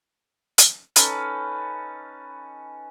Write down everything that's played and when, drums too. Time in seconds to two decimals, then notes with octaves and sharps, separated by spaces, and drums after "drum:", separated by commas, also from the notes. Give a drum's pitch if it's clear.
0.58 drum: hi-hat
0.96 C#4 D#4 A4 B4, drum: hi-hat